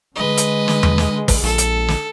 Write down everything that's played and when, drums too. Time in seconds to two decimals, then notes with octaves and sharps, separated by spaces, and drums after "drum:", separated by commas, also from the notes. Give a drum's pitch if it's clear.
0.16 D3 G#3 B4 D#5
0.38 drum: hi-hat
0.68 drum: snare
0.83 drum: tom E2
0.98 drum: snare
1.28 drum: kick, open hi-hat
1.43 A#1 A4
1.58 drum: hi-hat
1.88 drum: snare